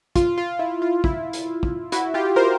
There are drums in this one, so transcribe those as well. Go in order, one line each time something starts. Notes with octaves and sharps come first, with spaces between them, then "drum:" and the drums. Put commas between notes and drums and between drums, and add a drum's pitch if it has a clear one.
F4, drum: kick, hi-hat
F4
E4
F4
E4, drum: kick
drum: hi-hat
drum: kick
E4 F#4, drum: hi-hat
F4 G4
A#4 C5